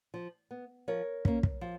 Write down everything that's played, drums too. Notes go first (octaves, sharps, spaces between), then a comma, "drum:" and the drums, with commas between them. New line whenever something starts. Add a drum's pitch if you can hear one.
F3
B3
F3 A#4 C#5
A#3 C#4, drum: kick
drum: kick
F3